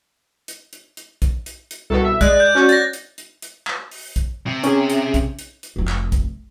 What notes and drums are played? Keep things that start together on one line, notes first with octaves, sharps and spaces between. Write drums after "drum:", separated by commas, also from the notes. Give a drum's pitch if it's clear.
drum: hi-hat
drum: hi-hat
drum: hi-hat
drum: kick, hi-hat
drum: hi-hat
drum: hi-hat
C2 B2 A4
E5
G#3 D5 F#6, drum: kick, hi-hat
G6
C#4 F#4
A6 A#6, drum: hi-hat
drum: hi-hat
drum: hi-hat
drum: hi-hat
drum: clap
drum: open hi-hat
drum: kick, hi-hat
C3
C#4 G#4, drum: hi-hat
drum: hi-hat
drum: kick, hi-hat
drum: hi-hat
drum: hi-hat
F1 F2
drum: clap
drum: kick, hi-hat